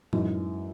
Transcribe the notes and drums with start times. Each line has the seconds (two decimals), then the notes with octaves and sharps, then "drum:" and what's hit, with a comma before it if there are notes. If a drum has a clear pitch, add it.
0.13 F#2 E3 G#3 D#4, drum: tom A2